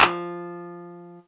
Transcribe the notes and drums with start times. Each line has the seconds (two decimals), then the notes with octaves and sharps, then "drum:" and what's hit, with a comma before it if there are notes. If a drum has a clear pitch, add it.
0.01 F3, drum: clap